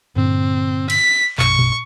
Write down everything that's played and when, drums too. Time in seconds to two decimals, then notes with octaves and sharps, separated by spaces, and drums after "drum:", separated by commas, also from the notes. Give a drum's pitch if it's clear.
0.16 G2 A#2 D3 C4
0.90 B6, drum: cymbal
1.38 A#1 F#2 B2 C#6, drum: clap
1.59 drum: tom A#2